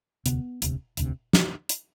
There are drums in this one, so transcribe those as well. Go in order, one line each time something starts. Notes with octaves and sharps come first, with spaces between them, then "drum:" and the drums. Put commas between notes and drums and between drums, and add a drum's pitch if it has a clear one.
E1 D2 C3 B3, drum: hi-hat
E1 D2 C3, drum: hi-hat
E1 D2 C3, drum: hi-hat
drum: snare
drum: hi-hat